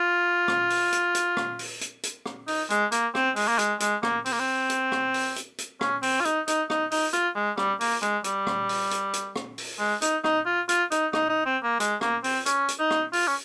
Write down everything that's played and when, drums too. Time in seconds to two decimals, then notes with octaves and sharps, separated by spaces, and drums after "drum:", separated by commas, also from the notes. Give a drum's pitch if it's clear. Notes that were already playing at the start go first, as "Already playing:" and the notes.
Already playing: F4
0.48 drum: rim click
0.70 drum: open hi-hat
0.92 drum: hi-hat
1.15 drum: hi-hat
1.37 drum: rim click
1.59 drum: open hi-hat
1.81 drum: hi-hat
2.03 drum: hi-hat
2.26 drum: rim click
2.48 D#4, drum: open hi-hat
2.70 G#3, drum: hi-hat
2.92 A#3, drum: hi-hat
3.15 C4, drum: rim click
3.36 G#3, drum: open hi-hat
3.48 A#3
3.59 G#3, drum: hi-hat
3.80 G#3, drum: hi-hat
4.03 A#3, drum: rim click
4.25 C4, drum: open hi-hat
4.33 A#3
4.40 C4
4.70 drum: hi-hat
4.92 drum: rim click
5.14 drum: open hi-hat
5.36 drum: hi-hat
5.58 drum: hi-hat
5.81 C#4, drum: rim click
6.03 C4, drum: open hi-hat
6.21 F4
6.25 D#4, drum: hi-hat
6.48 D#4, drum: hi-hat
6.70 D#4, drum: rim click
6.91 D#4, drum: open hi-hat
7.13 F4, drum: hi-hat
7.35 G#3
7.58 G3, drum: rim click
7.81 A#3, drum: open hi-hat
8.03 G#3, drum: hi-hat
8.24 G3, drum: hi-hat
8.47 drum: rim click
8.69 drum: open hi-hat
8.91 drum: hi-hat
9.13 drum: hi-hat
9.36 drum: rim click
9.58 drum: open hi-hat
9.79 G#3
10.02 D#4, drum: hi-hat
10.24 D#4, drum: rim click
10.46 F4
10.69 F4, drum: hi-hat
10.91 D#4, drum: hi-hat
11.13 D#4, drum: rim click
11.30 D#4
11.46 C4
11.63 A#3
11.80 G#3, drum: hi-hat
12.01 A#3, drum: rim click
12.24 C4, drum: open hi-hat
12.46 C#4, drum: hi-hat
12.68 drum: hi-hat
12.80 D#4
12.91 drum: rim click
13.13 F4, drum: open hi-hat
13.27 C#4